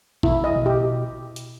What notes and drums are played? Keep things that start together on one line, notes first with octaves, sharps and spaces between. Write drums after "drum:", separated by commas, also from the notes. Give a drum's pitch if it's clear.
B2 E4, drum: kick
D#5
B2
G4
drum: hi-hat